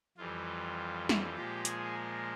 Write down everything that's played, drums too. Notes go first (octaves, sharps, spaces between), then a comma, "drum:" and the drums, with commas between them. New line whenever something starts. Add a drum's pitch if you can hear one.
F2 E3 G3 F4
drum: snare
A#2 F3 G#3 G4
G#4, drum: hi-hat
A#4